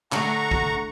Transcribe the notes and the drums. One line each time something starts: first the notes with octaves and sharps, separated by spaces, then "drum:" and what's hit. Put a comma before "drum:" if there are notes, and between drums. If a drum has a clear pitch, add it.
D3 A3 F#5 A#5 C#6, drum: clap
drum: kick